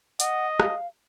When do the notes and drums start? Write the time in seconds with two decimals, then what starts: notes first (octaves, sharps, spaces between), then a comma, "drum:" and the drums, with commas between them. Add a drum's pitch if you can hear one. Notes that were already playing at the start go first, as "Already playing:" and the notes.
0.20 D#5 F#5, drum: hi-hat
0.60 F5, drum: rim click